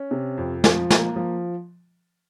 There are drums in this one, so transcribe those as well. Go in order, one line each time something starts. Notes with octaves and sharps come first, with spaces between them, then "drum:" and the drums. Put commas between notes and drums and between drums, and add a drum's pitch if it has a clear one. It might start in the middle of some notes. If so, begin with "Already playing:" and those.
Already playing: C#4
C3
F2
F3, drum: snare
A#3, drum: snare
F3